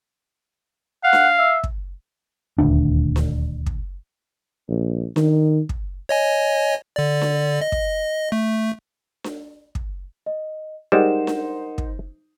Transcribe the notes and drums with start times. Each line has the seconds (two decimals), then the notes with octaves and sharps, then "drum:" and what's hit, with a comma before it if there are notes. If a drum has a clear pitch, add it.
1.04 F5 F#5
1.13 drum: snare D4
1.38 E5
1.64 drum: kick
2.58 D#1 D2 D4
3.16 drum: snare D4
3.66 drum: kick
4.69 A#1
5.16 D#3, drum: snare D4
5.69 drum: kick
6.09 C#5 D#5 G#5
6.96 D3 D5
7.21 drum: snare D4
7.61 D#5
7.72 drum: kick
8.32 A3
9.24 drum: snare D4
9.75 drum: kick
10.26 D#5
10.92 G3 G#3 D#4 A#4 C5 F#5 E7
11.27 drum: snare D4
11.78 drum: kick